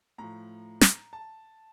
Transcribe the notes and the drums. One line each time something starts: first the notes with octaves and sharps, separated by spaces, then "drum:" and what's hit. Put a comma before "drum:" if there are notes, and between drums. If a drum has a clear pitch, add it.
A2 F3 A#5
drum: snare
A5